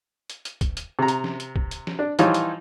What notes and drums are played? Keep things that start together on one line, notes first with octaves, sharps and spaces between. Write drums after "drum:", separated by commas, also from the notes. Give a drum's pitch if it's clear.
drum: hi-hat
drum: hi-hat
drum: kick, hi-hat
drum: hi-hat
C3 A#5
drum: hi-hat
drum: snare
drum: hi-hat
drum: kick
drum: hi-hat
drum: snare
D4
E3 F3 G3 D#4 F4 C#5, drum: hi-hat
drum: hi-hat